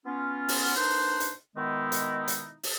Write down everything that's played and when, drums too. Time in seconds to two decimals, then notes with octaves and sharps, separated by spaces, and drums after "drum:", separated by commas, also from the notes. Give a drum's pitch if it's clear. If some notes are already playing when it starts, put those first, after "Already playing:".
0.06 B3 C#4 F4
0.48 drum: open hi-hat
0.75 A#3 D4 D#4 B4 C5
1.20 drum: hi-hat
1.56 B2 D#3 G#3 B3 D#4 E4
1.92 drum: hi-hat
2.28 drum: hi-hat
2.63 drum: open hi-hat